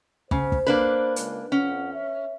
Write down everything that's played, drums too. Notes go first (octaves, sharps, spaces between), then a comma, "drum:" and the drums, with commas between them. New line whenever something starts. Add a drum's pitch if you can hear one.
C#3 C5, drum: kick
drum: kick
A#3 D4 B4
C#2, drum: hi-hat
F2 C#4 F#5
C#5 E5